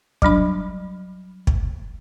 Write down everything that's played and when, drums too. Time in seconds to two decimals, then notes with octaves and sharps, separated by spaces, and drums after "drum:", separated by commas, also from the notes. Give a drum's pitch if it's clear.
0.22 F#3 G3 D4 B5, drum: kick
1.47 drum: kick